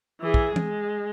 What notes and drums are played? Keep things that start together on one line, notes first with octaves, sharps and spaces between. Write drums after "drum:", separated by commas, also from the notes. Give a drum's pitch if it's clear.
E3 G#4
drum: kick
G#3, drum: tom E3